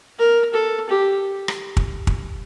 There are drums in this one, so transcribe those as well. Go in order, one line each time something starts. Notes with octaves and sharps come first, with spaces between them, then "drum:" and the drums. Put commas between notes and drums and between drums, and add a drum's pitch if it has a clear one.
A#4
A4
G4
drum: rim click
drum: kick
drum: kick